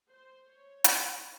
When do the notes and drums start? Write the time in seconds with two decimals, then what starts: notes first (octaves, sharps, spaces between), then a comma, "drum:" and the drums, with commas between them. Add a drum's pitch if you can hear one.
0.11 C5
0.47 C#5
0.84 drum: hi-hat